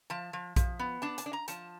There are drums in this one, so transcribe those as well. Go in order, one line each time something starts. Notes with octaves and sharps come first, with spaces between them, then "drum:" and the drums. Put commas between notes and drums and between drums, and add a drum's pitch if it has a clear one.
F3 A5
F3
F3, drum: kick A#1, hi-hat
B3
D4 A5
A5, drum: hi-hat
D4
A#5
F3 A5, drum: hi-hat